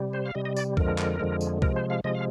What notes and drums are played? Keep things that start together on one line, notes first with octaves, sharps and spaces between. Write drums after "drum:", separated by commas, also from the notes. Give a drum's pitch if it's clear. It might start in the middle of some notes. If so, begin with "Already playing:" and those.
Already playing: C3 G3
C5
F5
C3 G3 D#5
D#5
D5, drum: tambourine
F2 D3 F3 G#3 A#4, drum: kick C2
drum: clap
F2 D3 F3 G#3
drum: tambourine
C3 F3 G#3 A#4, drum: kick C2
C5
F5
C3 F3 G#3 D#5
F5